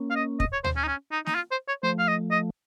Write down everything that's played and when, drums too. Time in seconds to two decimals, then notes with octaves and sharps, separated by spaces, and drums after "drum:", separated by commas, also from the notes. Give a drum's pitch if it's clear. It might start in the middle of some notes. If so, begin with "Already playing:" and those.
Already playing: A#3 C#4
0.10 F5
0.16 D#5
0.40 D#5, drum: kick
0.53 C#5
0.64 C5, drum: tom D2
0.77 C#4
0.84 D#4
0.87 C#4
1.12 D#4
1.26 D#4, drum: snare
1.35 F4
1.51 C5
1.68 C#5
1.83 F3 A3 C5
1.99 F5
2.08 D#5
2.31 D#5